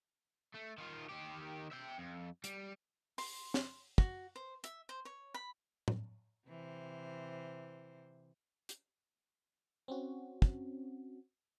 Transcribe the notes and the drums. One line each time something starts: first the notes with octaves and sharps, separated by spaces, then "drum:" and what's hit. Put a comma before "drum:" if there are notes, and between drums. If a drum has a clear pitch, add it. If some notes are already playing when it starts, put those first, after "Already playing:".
A3
D#3 F4
D#3 G4
E5 G5
F2
G3, drum: hi-hat
C6, drum: open hi-hat
drum: snare
F#4, drum: kick
C5
E5, drum: hi-hat
C5
C#5
B5
drum: tom
C3 E3 C5
drum: hi-hat
C4 C#4 F#4
drum: kick